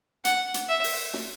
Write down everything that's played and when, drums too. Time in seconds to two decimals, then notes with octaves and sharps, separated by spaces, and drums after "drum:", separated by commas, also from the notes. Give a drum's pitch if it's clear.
0.25 F#5, drum: hi-hat
0.54 drum: hi-hat
0.69 E5
0.84 drum: open hi-hat
1.14 drum: snare